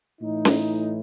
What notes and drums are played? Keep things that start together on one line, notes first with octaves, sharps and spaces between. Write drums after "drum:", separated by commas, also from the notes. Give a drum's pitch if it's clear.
A2 E3 D#4
drum: snare C#4